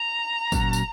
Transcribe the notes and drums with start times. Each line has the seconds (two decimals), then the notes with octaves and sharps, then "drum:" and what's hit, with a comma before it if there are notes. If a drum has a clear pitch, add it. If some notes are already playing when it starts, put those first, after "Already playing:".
Already playing: A#5
0.52 A#2 F#3 C#4 F#4, drum: kick, tambourine
0.73 drum: tambourine